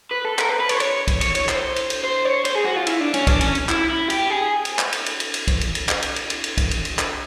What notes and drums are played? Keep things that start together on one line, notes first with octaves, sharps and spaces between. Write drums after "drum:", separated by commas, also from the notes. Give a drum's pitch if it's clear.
B4
A4
A#4, drum: clap
B4
B4
C#5, drum: cymbal
C5
C#5, drum: cymbal
drum: kick, cymbal
C#5, drum: cymbal
C#5, drum: cymbal
C5, drum: clap
drum: cymbal
drum: cymbal
C5
C#5
C5, drum: cymbal
G#4
F#4
F4
E4, drum: cymbal
D4
C#4, drum: cymbal
D4, drum: kick, cymbal
C#4, drum: cymbal
drum: cymbal
E4, drum: clap
E4
G4, drum: cymbal
G#4
drum: cymbal
drum: clap
drum: cymbal
drum: cymbal
drum: cymbal
drum: cymbal
drum: kick, cymbal
drum: cymbal
drum: cymbal
drum: clap
drum: cymbal
drum: cymbal
drum: cymbal
drum: cymbal
drum: kick, cymbal
drum: cymbal
drum: cymbal
drum: clap